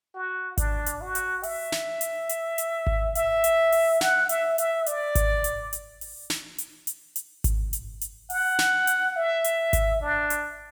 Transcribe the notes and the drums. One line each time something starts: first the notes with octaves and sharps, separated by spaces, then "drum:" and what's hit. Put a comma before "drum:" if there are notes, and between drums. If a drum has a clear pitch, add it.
F#4
D4, drum: kick G#1, hi-hat
drum: hi-hat
F#4
drum: hi-hat
E5, drum: open hi-hat
drum: snare
drum: hi-hat
drum: hi-hat
drum: hi-hat
drum: kick G#1
E5, drum: hi-hat
drum: hi-hat
drum: open hi-hat
F#5, drum: snare
E5, drum: hi-hat
E5, drum: hi-hat
D5, drum: hi-hat
drum: kick G#1, hi-hat
drum: hi-hat
drum: hi-hat
drum: open hi-hat
drum: snare
drum: hi-hat
drum: hi-hat
drum: hi-hat
drum: kick G#1, hi-hat
drum: hi-hat
drum: hi-hat
F#5, drum: open hi-hat
drum: snare
drum: hi-hat
E5
drum: hi-hat
drum: kick G#1, hi-hat
D4
drum: hi-hat